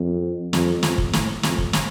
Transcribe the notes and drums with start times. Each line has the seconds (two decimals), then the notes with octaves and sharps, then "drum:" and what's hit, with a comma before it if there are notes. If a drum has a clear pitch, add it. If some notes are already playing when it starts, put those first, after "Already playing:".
Already playing: F2
0.53 F2, drum: snare
0.83 F2, drum: snare
0.98 drum: kick
1.13 A2, drum: snare
1.43 F2, drum: snare
1.58 drum: kick
1.73 drum: snare